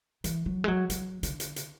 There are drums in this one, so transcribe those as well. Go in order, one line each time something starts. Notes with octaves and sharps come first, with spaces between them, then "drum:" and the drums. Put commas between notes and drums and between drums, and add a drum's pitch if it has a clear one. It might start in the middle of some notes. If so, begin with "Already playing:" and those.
E3, drum: hi-hat
F#3
G#3
F#3
F#3, drum: hi-hat
D3, drum: hi-hat
drum: hi-hat
drum: hi-hat